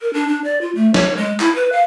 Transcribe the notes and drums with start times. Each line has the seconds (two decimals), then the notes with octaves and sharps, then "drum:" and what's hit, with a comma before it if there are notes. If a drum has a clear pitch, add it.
0.01 A#4
0.13 D4
0.28 D4
0.44 D5
0.61 F4
0.75 A3
0.94 C#5, drum: snare
1.17 G#3
1.40 E4, drum: clap
1.55 B4
1.72 F5